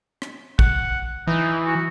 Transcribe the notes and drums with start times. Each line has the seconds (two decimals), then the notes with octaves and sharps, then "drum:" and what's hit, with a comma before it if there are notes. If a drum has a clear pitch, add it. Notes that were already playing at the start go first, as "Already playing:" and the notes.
0.22 drum: rim click
0.59 F#5, drum: kick A#1
1.27 E3 D#4
1.66 F#4